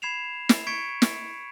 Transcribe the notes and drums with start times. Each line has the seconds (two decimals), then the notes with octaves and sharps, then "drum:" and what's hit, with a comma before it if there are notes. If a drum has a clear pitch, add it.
0.02 B5 G#6 C7 E7 F7
0.49 drum: snare
0.67 C#6 G#6 B6 C#7 D7
1.02 drum: snare